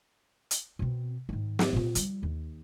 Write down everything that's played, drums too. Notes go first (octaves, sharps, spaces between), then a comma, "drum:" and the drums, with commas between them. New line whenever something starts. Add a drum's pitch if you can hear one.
drum: hi-hat
B2 C4
G#2 D#3
drum: snare
A#2 F4
F3 G3, drum: hi-hat
D#2